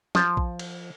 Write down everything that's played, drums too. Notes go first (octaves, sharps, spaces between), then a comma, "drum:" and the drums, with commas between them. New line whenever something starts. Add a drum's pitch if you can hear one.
F3, drum: snare
drum: kick A#1
drum: cymbal